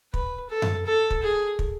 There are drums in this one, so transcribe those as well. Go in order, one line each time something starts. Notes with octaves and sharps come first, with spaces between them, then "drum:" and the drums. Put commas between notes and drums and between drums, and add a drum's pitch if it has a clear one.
B4, drum: kick
A4
drum: tom F#2
A4
drum: kick
G#4
drum: kick